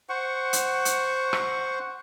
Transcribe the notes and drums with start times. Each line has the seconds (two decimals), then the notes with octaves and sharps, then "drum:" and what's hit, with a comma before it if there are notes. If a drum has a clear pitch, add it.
0.09 C5 F#5 C#6
0.53 drum: hi-hat
0.85 drum: hi-hat
1.33 drum: rim click